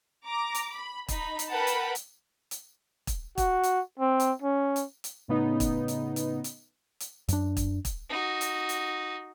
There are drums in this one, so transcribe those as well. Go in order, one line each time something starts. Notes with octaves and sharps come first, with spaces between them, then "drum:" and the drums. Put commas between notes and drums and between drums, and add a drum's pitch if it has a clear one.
A#5 D6
drum: hi-hat
B5
D#4 B5, drum: kick, hi-hat
drum: hi-hat
A#4 B4 F#5 G5 A5 B5
drum: hi-hat
drum: hi-hat
drum: hi-hat
drum: kick, hi-hat
F#4, drum: kick, hi-hat
drum: hi-hat
C4
drum: hi-hat
C#4
drum: hi-hat
drum: hi-hat
A2 C#3 B3 D#4
drum: kick, hi-hat
drum: hi-hat
drum: hi-hat
drum: hi-hat
drum: hi-hat
F#2 D4, drum: hi-hat
drum: kick, hi-hat
drum: kick, hi-hat
D#4 F#4
drum: hi-hat
drum: hi-hat